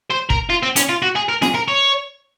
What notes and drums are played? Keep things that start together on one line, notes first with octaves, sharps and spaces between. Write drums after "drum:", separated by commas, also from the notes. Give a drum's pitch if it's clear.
C5
A#4, drum: kick
F4
C4
C#4, drum: hi-hat
F4
F#4
G#4
A#4
G#4, drum: snare
A#4
C#5